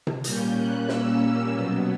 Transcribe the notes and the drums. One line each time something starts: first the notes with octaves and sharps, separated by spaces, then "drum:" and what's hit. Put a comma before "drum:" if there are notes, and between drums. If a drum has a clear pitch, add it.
drum: tom C3
A#2 G3 A#3 C#4 G6, drum: hi-hat
F#6
E6, drum: snare
B2 F#3 B3